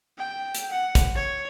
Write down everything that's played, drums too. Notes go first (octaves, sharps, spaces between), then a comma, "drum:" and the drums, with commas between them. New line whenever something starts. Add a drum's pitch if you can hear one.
G5
drum: hi-hat
F#5
drum: kick, hi-hat
C#5